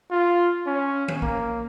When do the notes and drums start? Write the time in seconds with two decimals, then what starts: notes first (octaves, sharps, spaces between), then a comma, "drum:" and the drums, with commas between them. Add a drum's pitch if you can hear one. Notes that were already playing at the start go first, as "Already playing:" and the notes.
0.11 F4
0.66 C#4
1.08 drum: tom D#3
1.22 A#3, drum: kick B1